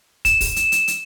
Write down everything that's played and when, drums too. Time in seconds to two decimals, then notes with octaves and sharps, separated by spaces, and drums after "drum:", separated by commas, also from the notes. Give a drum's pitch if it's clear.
0.25 E7, drum: kick, hi-hat
0.41 drum: kick, open hi-hat
0.56 drum: hi-hat
0.72 drum: hi-hat
0.88 drum: hi-hat